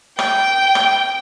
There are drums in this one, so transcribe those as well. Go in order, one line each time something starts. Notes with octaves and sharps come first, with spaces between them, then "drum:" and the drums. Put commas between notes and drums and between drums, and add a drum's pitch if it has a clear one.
G5, drum: rim click
drum: rim click